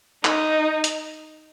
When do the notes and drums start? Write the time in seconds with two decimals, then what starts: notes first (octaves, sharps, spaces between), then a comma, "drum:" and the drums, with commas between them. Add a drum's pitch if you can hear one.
0.25 D#4, drum: clap
0.84 drum: hi-hat